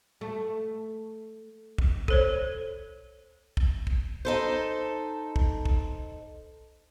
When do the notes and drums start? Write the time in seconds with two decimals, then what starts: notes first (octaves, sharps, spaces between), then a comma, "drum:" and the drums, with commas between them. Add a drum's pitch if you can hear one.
0.21 A3
1.78 drum: kick
2.08 A4 C5 C#5, drum: kick
3.57 drum: kick
3.87 drum: kick
4.25 D#4 A4 C5
5.36 drum: kick
5.65 drum: kick